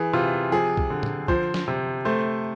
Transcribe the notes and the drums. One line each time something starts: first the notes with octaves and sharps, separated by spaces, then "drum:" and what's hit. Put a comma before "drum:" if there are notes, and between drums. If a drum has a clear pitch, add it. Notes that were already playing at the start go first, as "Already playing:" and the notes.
Already playing: E3 G#4
C3 F4
F3 G#4
drum: kick
D3
drum: tom
F3 C5, drum: kick
drum: snare
C3
A3 C5